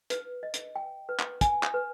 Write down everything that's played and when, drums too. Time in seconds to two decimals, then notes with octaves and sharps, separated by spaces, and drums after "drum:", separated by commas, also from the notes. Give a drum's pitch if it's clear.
0.10 B4, drum: hi-hat
0.43 D#5
0.54 drum: hi-hat
0.76 G5
1.09 B4
1.19 drum: clap
1.41 G#5, drum: kick, hi-hat
1.63 drum: clap
1.74 B4